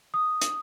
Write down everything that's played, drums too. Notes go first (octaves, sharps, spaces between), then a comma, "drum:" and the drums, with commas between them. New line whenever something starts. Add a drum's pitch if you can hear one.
D#6
drum: hi-hat